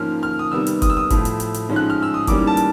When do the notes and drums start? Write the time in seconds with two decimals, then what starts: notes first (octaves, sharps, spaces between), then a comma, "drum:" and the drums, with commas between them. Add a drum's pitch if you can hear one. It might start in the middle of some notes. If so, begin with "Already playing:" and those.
Already playing: G#2 F3 A#3 C#4 F6
0.23 F6
0.39 D#6
0.52 C3 D#3 G3 B3 E6
0.67 drum: hi-hat
0.82 D#6, drum: kick F#1, hi-hat
0.90 E6
0.97 D#6
1.10 A2 F3 A3, drum: kick F#1, hi-hat
1.25 drum: hi-hat
1.40 drum: hi-hat
1.54 drum: hi-hat
1.68 G#2 F3 G#3 C#4
1.76 F#6
1.90 F6
2.03 E6
2.14 D#6
2.27 G#2 E3 G3 A#3 C#4 D6, drum: kick F#1, hi-hat
2.47 A5
2.57 drum: hi-hat